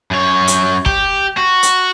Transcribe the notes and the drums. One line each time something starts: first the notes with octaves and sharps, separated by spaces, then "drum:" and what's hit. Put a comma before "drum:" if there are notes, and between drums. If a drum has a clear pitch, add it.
F#2 C#5
drum: hi-hat
G4, drum: kick
F#4
drum: hi-hat